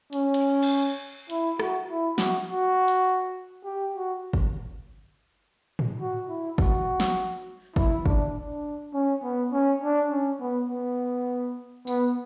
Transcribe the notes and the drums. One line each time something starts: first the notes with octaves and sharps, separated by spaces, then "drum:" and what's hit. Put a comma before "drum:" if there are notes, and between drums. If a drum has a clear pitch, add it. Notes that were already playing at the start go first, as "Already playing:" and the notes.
C#4, drum: hi-hat
drum: cymbal
drum: cymbal
E4, drum: hi-hat
F#4, drum: rim click
E4
F#4, drum: snare
F#4
drum: hi-hat
G4
F#4
drum: kick G1
drum: tom
F#4
E4
F#4, drum: kick G1
drum: snare
E4, drum: kick G1
D4, drum: kick G1
D4
C#4
B3
C#4
D4
C#4
B3
B3
B3, drum: tambourine